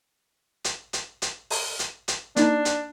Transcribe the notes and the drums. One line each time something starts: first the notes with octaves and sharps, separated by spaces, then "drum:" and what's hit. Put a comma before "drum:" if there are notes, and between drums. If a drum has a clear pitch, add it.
drum: hi-hat
drum: hi-hat
drum: hi-hat
drum: open hi-hat
drum: hi-hat
drum: hi-hat
A#3 D4 D#4, drum: hi-hat
drum: hi-hat